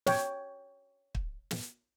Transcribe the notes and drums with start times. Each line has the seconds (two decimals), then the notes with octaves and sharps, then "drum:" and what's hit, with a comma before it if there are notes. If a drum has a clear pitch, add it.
0.07 C#5 G5, drum: snare
1.15 drum: kick
1.51 drum: snare